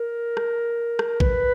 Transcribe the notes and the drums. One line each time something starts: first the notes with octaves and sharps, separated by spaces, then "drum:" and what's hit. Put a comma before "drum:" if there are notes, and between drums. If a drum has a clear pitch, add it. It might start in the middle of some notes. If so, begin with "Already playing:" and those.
Already playing: A#4
drum: rim click
drum: rim click
B4, drum: kick A#1